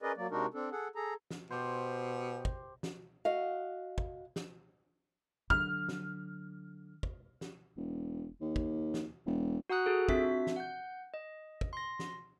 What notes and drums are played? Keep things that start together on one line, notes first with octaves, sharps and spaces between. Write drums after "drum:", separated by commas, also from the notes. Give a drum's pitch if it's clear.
C#4 G#4 A#4 B4 D5 D#5
F#3 A#3 D5
C3 G#3 D4 D#4 F#4 A#4
C4 D4 A4
G#4 A4 F#5
G#4 A4 A#5
drum: snare
B2 G4 C5
drum: kick
drum: snare
F#4 D#5 F5
drum: kick
drum: snare
D3 F#3 F6, drum: kick
drum: snare
drum: kick
drum: snare
E1
D#2
drum: kick
drum: snare
E1
F#4 F#5 A#5 D#6 F#6
F#4 G#4 A4
C4 D4 F4 F#4 E5 B6, drum: kick
drum: snare
F#5 G6
D#5
drum: kick
C6 A#6
drum: snare